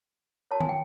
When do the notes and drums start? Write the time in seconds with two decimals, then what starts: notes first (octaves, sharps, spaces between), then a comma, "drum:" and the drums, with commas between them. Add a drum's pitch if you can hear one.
0.51 F#4 A#4 C#5 A5
0.60 G#5, drum: tom D#3
0.69 G5